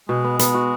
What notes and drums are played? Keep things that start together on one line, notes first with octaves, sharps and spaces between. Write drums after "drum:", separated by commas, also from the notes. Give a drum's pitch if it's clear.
B2 G#3
B3
B3, drum: hi-hat
F#4